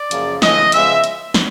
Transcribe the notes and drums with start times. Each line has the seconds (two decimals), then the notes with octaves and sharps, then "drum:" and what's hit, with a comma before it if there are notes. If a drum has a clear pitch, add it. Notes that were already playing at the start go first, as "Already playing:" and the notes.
Already playing: D5
0.11 F#2 C#3 F3 A#3, drum: hi-hat
0.42 C#3 E3 A3 D#5, drum: snare
0.72 C#3 F3 G#3 B3 E5, drum: hi-hat
1.04 drum: hi-hat
1.34 drum: snare